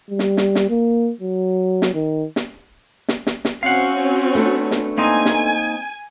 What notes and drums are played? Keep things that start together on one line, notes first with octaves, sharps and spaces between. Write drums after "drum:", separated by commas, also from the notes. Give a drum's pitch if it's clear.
G3
drum: snare
drum: snare
drum: snare
A#3
F#3
drum: snare
D#3
drum: snare
drum: snare
drum: snare
drum: snare
C4 C#4 F#4 F5 F#5
A3 B3 D4
drum: snare
A#3 C4 D#4 G#5
drum: snare